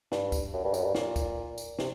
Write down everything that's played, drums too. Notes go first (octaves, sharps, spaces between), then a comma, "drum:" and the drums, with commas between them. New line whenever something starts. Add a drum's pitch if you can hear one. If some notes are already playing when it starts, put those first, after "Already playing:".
G2, drum: snare
drum: kick, tambourine
F#2
G2
F#2, drum: tambourine
G2
A#2, drum: snare
drum: kick, tambourine
drum: tambourine
C3, drum: snare